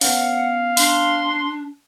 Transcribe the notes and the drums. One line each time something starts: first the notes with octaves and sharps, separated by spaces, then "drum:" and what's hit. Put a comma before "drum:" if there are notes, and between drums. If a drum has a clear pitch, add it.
B3 C#4 F5 F#5, drum: open hi-hat
D4 C6, drum: open hi-hat